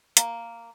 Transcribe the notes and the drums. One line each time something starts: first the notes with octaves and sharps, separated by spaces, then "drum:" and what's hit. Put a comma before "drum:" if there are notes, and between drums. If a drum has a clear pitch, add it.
A#3, drum: hi-hat